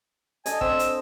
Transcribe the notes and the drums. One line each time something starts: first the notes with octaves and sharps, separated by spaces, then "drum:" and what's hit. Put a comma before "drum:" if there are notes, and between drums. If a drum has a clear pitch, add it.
D4 A4 D#5 G#5, drum: hi-hat
C4 E6, drum: kick
drum: hi-hat